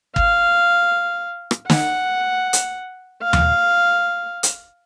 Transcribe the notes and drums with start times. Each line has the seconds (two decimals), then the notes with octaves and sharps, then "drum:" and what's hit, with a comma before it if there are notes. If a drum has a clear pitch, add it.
0.16 F5, drum: kick
1.51 drum: rim click
1.70 F#5, drum: snare
2.53 drum: hi-hat
3.23 F5
3.33 drum: tom D#2
4.43 drum: hi-hat